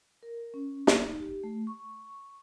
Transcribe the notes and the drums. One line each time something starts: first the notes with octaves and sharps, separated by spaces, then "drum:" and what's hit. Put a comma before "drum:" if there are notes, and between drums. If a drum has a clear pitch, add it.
A#4
C#4
A#3, drum: snare
D#4
G4
A3
C#6